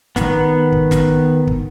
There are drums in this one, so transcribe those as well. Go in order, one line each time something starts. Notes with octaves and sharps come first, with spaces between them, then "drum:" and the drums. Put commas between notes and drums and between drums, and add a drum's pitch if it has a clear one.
D#3 B3, drum: snare
drum: kick
drum: snare
drum: kick